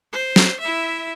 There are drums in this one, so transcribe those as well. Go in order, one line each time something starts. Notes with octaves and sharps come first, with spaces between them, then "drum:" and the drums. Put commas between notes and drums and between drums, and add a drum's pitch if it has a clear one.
C5
drum: snare
E4 E5